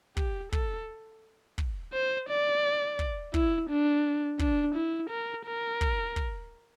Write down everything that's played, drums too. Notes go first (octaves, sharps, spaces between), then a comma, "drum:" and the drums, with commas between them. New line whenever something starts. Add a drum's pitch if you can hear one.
G4, drum: kick
A4, drum: kick
drum: kick
C5
D5
drum: kick
E4, drum: kick
D4
D4, drum: kick
E4
A#4
A#4
drum: kick
drum: kick